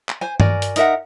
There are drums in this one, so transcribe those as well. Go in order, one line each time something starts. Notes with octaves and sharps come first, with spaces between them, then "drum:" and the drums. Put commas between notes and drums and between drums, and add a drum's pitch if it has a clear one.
drum: clap
C5 G#5
F#4 A#4 D5 G#5, drum: tom G2
drum: hi-hat
D#4 A#4 E5 F#5, drum: hi-hat